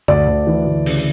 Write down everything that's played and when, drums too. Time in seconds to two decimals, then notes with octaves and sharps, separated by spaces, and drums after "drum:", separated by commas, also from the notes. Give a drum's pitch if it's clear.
0.08 D2 D5, drum: tom F#2
0.28 D2
0.47 E3
0.67 D2
0.86 C#3, drum: open hi-hat